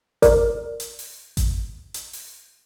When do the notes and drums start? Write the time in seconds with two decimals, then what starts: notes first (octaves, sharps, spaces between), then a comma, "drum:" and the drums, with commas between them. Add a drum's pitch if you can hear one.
0.22 A#4 D5, drum: kick G#1, hi-hat
0.80 drum: hi-hat
0.99 drum: open hi-hat
1.37 drum: kick G#1, hi-hat
1.94 drum: hi-hat
2.13 drum: open hi-hat